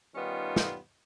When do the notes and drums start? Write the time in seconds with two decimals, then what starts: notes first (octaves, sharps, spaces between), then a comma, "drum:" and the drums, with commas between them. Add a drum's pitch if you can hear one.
0.15 D#3 G3 B3 C#4 D#4 F4
0.56 drum: snare